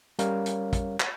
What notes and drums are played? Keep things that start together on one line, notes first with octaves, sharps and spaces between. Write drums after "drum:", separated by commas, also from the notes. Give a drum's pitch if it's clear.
G3 C#4 A#4 C#5 F5, drum: hi-hat
drum: hi-hat
drum: kick, hi-hat
drum: clap